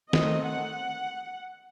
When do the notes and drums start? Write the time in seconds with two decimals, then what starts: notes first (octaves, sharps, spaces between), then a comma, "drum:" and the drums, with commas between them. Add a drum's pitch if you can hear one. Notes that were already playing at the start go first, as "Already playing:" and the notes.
0.13 D#3 A3 C4 D#5, drum: snare
0.47 F#5